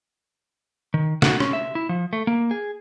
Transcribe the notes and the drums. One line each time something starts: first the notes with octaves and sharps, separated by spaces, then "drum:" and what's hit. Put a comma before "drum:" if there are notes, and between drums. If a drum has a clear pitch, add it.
D#3
F#4, drum: snare
C#4, drum: rim click
E5
E4
F3
A3
A#3
G#4